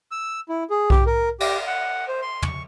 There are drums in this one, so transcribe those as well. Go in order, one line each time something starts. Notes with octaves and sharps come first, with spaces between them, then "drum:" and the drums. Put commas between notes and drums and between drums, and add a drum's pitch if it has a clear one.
E6
E4
G#4
G4, drum: kick B1
A#4
G4, drum: cymbal
F#5
C5
C6
C#6, drum: tom